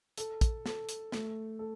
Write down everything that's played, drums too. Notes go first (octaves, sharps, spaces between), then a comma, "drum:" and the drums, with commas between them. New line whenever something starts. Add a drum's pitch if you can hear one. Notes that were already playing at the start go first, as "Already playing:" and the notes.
A4, drum: hi-hat
drum: kick, hi-hat
A4, drum: snare
drum: hi-hat
A3, drum: snare
A4